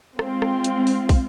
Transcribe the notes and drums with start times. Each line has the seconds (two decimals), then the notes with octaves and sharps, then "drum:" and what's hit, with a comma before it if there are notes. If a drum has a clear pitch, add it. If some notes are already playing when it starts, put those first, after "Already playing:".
0.19 G#3 C4 F4, drum: rim click
0.42 drum: rim click
0.64 drum: hi-hat
0.87 drum: open hi-hat
1.09 drum: kick, open hi-hat